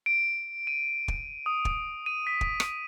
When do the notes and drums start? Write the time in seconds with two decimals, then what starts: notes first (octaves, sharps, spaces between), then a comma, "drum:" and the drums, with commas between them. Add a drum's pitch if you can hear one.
0.06 D7
0.67 D#7
1.08 drum: kick
1.46 D#6
1.65 drum: kick
2.06 D#7
2.27 B6
2.41 drum: kick
2.60 drum: rim click